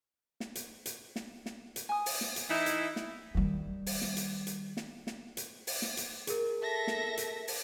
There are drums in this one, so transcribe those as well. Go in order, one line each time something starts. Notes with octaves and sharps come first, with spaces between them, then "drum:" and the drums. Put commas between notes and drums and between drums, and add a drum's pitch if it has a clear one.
drum: snare
drum: hi-hat
drum: hi-hat
drum: snare
drum: snare
drum: hi-hat
G#5 D#6
drum: open hi-hat
drum: snare
drum: hi-hat
E3 D#4 E4
drum: hi-hat
drum: snare
D#3 G3
drum: open hi-hat
drum: snare
drum: hi-hat
drum: hi-hat
drum: snare
drum: snare
drum: hi-hat
drum: open hi-hat
drum: snare
drum: hi-hat
G#4 A#4, drum: hi-hat
A4 E5 A#6
drum: snare
drum: hi-hat
drum: open hi-hat